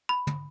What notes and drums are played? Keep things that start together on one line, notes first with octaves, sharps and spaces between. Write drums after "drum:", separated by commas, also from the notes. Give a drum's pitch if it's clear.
B5
drum: tom